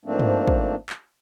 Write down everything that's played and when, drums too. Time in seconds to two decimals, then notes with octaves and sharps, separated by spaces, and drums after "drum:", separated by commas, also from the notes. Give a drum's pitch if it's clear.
0.05 G#2 F3 A3 A#3 C4 D4
0.19 drum: tom
0.47 drum: kick
0.90 drum: clap